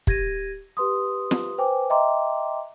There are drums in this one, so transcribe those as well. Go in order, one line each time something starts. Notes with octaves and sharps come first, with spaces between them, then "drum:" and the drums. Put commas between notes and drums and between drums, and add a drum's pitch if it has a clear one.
G4 G#6 A#6 D#7, drum: kick
G4 B4 C6 D#6
drum: snare
B4 C5 G5 G#5 D6
D#5 E5 G5 A#5 C6 D6